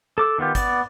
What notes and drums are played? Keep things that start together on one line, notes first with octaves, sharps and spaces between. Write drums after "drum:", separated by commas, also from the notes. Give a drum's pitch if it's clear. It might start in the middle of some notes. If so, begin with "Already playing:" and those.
A4 D6 E6
D#3 B3 F4 G4
B3 D5, drum: kick, hi-hat